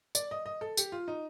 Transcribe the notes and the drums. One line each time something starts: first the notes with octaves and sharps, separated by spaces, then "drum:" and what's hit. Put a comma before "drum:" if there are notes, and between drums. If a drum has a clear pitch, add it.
D5, drum: tambourine
D#5
D#5
A4
G4, drum: tambourine
F4
D#4